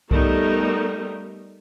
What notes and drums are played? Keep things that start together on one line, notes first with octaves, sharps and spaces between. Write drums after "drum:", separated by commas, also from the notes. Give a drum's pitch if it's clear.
G3 A3 B3 D#4 A#4, drum: kick C2